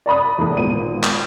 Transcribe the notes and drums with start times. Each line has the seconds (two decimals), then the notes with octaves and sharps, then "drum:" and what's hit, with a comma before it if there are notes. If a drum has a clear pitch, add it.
0.06 D5 A#5 B5 D#6
0.38 E2 A2
0.57 G#1 A#2 B3 D#7
1.04 drum: clap